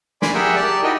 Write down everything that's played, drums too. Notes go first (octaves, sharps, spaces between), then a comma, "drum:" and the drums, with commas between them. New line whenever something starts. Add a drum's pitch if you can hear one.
D5 G#5 B5 C6 D6, drum: snare
G4 G#4 A#4 E5 F#5 G5
G4 D5 A5
D#4 E4 F#4 A#4 D#5 G5